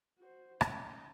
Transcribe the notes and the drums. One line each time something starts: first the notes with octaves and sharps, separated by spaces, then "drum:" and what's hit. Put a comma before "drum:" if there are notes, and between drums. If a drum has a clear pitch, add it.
F#4 C5
C#4 D#4, drum: rim click